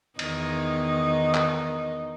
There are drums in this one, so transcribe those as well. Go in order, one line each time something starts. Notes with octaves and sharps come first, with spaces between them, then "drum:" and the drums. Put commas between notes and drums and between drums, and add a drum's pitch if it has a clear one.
E2 D#3 D#4, drum: cymbal
drum: clap